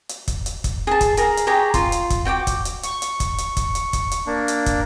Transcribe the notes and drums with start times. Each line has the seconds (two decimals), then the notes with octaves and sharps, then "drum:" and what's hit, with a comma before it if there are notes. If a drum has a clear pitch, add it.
0.09 drum: hi-hat
0.28 drum: kick, hi-hat
0.46 drum: hi-hat
0.64 drum: kick, hi-hat
0.87 G#4 A5
1.01 drum: kick, hi-hat
1.17 G#4 A#4 A#5, drum: hi-hat
1.37 drum: hi-hat
1.47 G4 G#4 C#5 A#5
1.74 F4 C6, drum: kick, hi-hat
1.92 drum: hi-hat
2.10 drum: kick, hi-hat
2.25 F#4 G5 A#5 D6
2.47 drum: kick, hi-hat
2.65 drum: hi-hat
2.83 C#6, drum: hi-hat
3.02 drum: hi-hat
3.20 drum: kick, hi-hat
3.38 drum: hi-hat
3.57 drum: kick, hi-hat
3.75 drum: hi-hat
3.93 drum: kick, hi-hat
4.11 drum: hi-hat
4.27 A#3 D4
4.48 drum: hi-hat
4.66 drum: kick, hi-hat